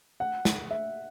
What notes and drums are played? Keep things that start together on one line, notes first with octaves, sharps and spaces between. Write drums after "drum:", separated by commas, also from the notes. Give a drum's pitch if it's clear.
F#5
drum: snare
E5